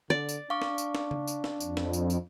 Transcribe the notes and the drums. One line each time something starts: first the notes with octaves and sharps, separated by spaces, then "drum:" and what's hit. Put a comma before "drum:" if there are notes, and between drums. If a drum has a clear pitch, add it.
D3 D5
drum: tambourine
D4 F5 C#6 D6
drum: snare
drum: tambourine
drum: snare
drum: tom C#3
drum: tambourine
drum: snare
F2, drum: tambourine
drum: snare
drum: tambourine
drum: tambourine